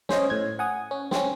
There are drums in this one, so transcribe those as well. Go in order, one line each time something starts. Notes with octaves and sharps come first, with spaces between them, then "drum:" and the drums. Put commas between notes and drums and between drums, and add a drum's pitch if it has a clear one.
C#4 C5 C#5 D#5, drum: snare
A2 G#6
F#5 G#5 D#6
C#4
C4 C#4, drum: snare